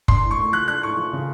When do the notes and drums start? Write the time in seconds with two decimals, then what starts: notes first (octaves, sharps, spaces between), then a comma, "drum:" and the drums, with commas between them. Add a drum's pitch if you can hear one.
0.08 D4 C6, drum: kick F#1
0.24 A2
0.31 C#6
0.37 A3
0.52 F3 F#6
0.68 D4 F#6
0.83 A2 C#6
0.97 F3
1.13 C#3